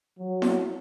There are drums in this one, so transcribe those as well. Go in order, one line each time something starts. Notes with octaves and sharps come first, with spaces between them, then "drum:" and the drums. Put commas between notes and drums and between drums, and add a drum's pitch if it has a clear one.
F#3
drum: snare E4